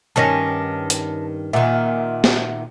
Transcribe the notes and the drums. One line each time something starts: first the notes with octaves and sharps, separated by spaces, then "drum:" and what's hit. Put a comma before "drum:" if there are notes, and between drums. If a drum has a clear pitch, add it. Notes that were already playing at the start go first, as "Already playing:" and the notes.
G2 D#3 C#4 A5 A#6
drum: hi-hat
A#2 D#3 E5 F#5
drum: snare